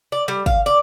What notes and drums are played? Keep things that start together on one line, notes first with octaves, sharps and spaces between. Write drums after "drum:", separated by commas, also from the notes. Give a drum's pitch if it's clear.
D5
G3
F5, drum: kick
D5